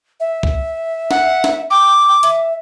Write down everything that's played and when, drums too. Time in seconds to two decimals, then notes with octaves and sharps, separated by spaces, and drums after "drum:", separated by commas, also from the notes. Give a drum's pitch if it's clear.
0.20 E5
0.43 drum: kick
1.11 F#5, drum: snare
1.44 drum: snare
1.71 G5 D6
2.23 E5, drum: hi-hat